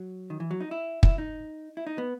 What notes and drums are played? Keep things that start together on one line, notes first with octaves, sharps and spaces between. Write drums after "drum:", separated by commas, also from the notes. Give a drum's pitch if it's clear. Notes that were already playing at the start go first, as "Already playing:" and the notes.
Already playing: F#3
D#3
E3
F#3
D#4
E4
E4, drum: kick
D#4
E4
D#4
B3